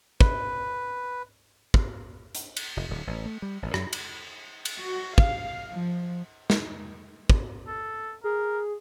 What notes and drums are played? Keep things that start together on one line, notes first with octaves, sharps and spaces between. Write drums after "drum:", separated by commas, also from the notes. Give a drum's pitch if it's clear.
B4, drum: kick
drum: kick
drum: hi-hat
drum: cymbal
F1
D1
A1
A3
G3
A1
F#2, drum: rim click
drum: cymbal
drum: cymbal
F#4
F5, drum: kick
F3
drum: snare
drum: kick
A4
G#4 A#4